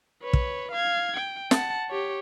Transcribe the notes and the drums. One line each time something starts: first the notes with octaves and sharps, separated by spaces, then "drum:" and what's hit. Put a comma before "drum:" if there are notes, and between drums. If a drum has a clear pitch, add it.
B4 C#5
drum: kick
F5 G#6
G5
F#5 A5, drum: snare
G4 C#5